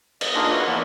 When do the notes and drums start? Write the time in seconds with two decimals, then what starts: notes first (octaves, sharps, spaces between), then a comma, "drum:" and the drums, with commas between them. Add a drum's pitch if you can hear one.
0.21 D#5, drum: cymbal
0.35 A#3 D4 D#4 F4 G#4
0.52 F#4 B4 C#5 E5 F5
0.67 E3 A#3 B3 D5 E6